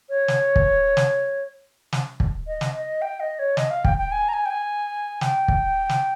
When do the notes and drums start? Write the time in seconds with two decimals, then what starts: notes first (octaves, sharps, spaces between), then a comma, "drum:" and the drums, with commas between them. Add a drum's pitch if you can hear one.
0.09 C#5
0.28 drum: snare
0.56 drum: kick
0.97 drum: snare
1.93 drum: snare
2.20 drum: kick
2.47 D#5
2.61 drum: snare
2.75 D#5
3.02 G5
3.20 D#5
3.39 C#5
3.57 D#5, drum: snare
3.71 F5
3.85 G5, drum: kick
3.98 G5
4.12 G#5
4.29 A#5
4.33 G#5
4.46 G5
4.50 G#5
5.21 G5, drum: snare
5.48 drum: kick
5.89 drum: snare